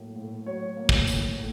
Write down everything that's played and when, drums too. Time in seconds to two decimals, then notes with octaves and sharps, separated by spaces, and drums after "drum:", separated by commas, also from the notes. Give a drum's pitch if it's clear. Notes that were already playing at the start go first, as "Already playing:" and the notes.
Already playing: A2 F#3 A#3
0.16 A2
0.46 F#3 C#5
0.77 A#3
0.89 drum: kick
1.07 A2, drum: tambourine
1.37 A2